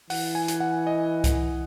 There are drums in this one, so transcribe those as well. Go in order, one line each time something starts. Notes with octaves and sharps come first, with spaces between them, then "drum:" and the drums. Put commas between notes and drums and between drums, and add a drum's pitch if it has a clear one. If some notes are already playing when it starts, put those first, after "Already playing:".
E3 F#5, drum: open hi-hat
G#5
drum: hi-hat
F#5
D#5
drum: kick C2, hi-hat